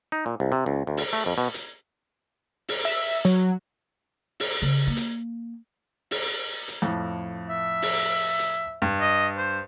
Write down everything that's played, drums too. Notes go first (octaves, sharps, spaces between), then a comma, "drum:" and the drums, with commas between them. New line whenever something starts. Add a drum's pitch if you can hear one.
D#4
A#2
C2
C3
C#2
D2
drum: open hi-hat
A3
F2
B2
drum: hi-hat
drum: open hi-hat
E5
F#3, drum: hi-hat
drum: open hi-hat
C#3
A#3
drum: hi-hat
drum: open hi-hat
drum: hi-hat
F2 A2
E5
drum: open hi-hat
drum: hi-hat
G2
D#5
C5